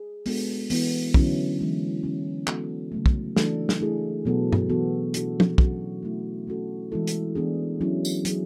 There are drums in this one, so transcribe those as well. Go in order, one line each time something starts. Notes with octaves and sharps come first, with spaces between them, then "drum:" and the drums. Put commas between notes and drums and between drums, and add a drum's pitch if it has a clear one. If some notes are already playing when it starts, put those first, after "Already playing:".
Already playing: G#4
G#3 B3 D4 F#4 A4, drum: open hi-hat
E3 B3 E4, drum: open hi-hat
D3 F#3 C#4 E4, drum: kick
E3 G#3 B3
D3 G#3 C#4
G#3 B3 F#4 A4, drum: clap
C#3 F#3 A3
drum: kick
E3 A3 D4 F#4 A4, drum: snare
drum: snare
A3 E4 G#4
B2 F#3 B3 F#4 A4
drum: tom
E3 B3 F#4 A4
F#3 B3 D4 F#4 A4, drum: hi-hat
drum: tom
F#3 C#4 F#4, drum: kick
F#3 A3 E4
A3 C#4 F#4 A4
E3 G#3 B3 E4 A4
drum: hi-hat
E3 B3 D4 G#4
F#3 C#4 E4
drum: tambourine
F#3 C#4 G#4, drum: hi-hat